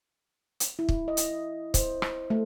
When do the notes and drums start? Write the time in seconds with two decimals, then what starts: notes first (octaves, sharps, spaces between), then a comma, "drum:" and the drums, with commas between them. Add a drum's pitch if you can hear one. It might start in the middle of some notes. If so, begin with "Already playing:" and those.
0.60 drum: hi-hat
0.79 E4
0.89 drum: kick
1.08 D#5
1.17 drum: hi-hat
1.74 C5, drum: kick, hi-hat
2.02 drum: rim click
2.30 A3